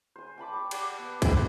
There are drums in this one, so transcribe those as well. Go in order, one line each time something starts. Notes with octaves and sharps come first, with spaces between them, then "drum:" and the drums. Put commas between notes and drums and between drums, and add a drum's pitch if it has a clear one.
C5 G#5
G5 A5 B5 D6
C5 C#6
G4 D5 F#5 A5, drum: cymbal
B3
B3 C4, drum: kick, cymbal